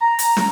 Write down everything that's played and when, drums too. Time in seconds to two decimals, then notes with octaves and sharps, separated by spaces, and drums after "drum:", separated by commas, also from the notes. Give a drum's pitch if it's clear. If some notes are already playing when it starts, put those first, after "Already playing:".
0.01 A#5
0.19 drum: hi-hat
0.37 drum: snare